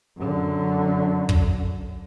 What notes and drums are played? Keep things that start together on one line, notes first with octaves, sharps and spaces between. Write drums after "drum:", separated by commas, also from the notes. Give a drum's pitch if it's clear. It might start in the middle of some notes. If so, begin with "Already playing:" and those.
F#2 D3
drum: kick